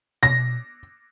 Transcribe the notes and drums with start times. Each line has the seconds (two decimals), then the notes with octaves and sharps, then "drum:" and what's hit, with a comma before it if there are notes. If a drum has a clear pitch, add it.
0.23 A#6, drum: tom B2